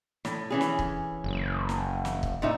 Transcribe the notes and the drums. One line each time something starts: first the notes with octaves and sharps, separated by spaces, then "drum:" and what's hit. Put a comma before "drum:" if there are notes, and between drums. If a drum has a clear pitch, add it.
A2, drum: snare
E3 C#4 G#4
drum: snare
drum: kick
F#1
drum: snare
drum: snare
drum: kick
A#2 D#4 E5